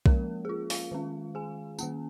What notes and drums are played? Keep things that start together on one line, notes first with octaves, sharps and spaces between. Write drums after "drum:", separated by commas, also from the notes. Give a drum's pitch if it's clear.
F3 G#3 A#3 C#4 A#4, drum: kick B1
G#4
F4
F4 F5, drum: open hi-hat
D#3 G#3 C#4
G#4 G#5
D#3 A#3 C#4, drum: tambourine